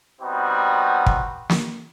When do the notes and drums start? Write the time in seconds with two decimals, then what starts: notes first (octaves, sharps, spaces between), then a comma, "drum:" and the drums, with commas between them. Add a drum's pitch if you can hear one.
0.20 G3 B3 C4 D#4 F#4
1.06 drum: kick
1.49 drum: snare